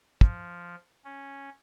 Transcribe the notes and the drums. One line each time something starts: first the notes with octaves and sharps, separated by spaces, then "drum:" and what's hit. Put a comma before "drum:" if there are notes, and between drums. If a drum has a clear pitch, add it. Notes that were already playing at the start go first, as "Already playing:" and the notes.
F3, drum: kick
C#4